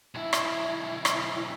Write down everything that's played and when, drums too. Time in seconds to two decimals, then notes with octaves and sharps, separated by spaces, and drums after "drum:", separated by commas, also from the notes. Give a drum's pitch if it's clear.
0.15 B1 E4
0.33 drum: rim click
1.05 drum: rim click